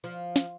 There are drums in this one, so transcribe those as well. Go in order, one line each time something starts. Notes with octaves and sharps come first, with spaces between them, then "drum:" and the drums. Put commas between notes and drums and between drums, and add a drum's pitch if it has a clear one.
F3
drum: snare